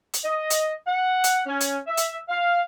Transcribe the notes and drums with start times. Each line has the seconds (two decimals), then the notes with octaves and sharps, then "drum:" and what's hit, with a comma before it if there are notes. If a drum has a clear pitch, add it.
0.13 drum: hi-hat
0.24 D#5
0.50 drum: hi-hat
0.87 F#5
1.24 drum: hi-hat
1.46 C#4
1.60 drum: hi-hat
1.87 E5
1.97 drum: hi-hat
2.29 F5